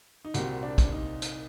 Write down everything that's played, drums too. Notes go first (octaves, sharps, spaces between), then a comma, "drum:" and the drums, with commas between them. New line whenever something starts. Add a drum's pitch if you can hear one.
D#4
C2 A#2 G3 C4 F#4, drum: hi-hat
D4
drum: kick, hi-hat
D#4
drum: hi-hat